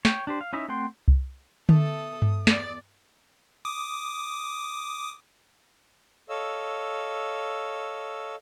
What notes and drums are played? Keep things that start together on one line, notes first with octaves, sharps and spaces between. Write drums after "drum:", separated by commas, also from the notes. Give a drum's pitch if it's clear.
C#5 G5, drum: snare
D4 G4 C5
F5
C#4 D#4 E4 D#5 E5
A3 C4 F#5 G5 C6
drum: kick C2
A3 B3 A4 D#6, drum: tom D3
drum: tom G2
E2 D5, drum: snare
D6 D#6
A4 C#5 D#5 F5 E6